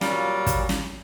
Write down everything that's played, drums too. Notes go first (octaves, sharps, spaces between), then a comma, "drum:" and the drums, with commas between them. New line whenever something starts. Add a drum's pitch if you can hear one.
A#2 F#3 G3 F4, drum: snare
drum: kick, hi-hat
drum: snare